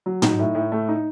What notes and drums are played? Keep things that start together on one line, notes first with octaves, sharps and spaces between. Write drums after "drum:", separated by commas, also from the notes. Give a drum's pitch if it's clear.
F#3
D#4, drum: tom
A2
A2
A3
D#4